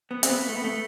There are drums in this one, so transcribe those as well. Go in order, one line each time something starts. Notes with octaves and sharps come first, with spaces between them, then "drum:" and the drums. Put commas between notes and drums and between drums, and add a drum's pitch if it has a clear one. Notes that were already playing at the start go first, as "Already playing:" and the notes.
B3
C4, drum: hi-hat
B3
A3
B3
A3